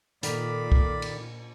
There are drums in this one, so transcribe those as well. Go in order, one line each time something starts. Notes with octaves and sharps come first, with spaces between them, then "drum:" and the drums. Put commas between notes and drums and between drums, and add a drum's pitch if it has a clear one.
A#2 D#3 A4 D5 B5 D6, drum: hi-hat
drum: kick B1
drum: cymbal